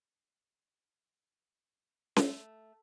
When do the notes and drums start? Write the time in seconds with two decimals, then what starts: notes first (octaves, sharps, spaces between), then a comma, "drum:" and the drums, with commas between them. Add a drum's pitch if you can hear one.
2.16 A3, drum: snare C#4